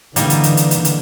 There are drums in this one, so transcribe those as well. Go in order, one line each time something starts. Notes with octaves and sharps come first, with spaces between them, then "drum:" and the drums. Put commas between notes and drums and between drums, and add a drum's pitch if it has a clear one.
D3 E3 G3 A#3 D#4, drum: hi-hat
drum: hi-hat
drum: hi-hat
drum: hi-hat
drum: hi-hat
drum: hi-hat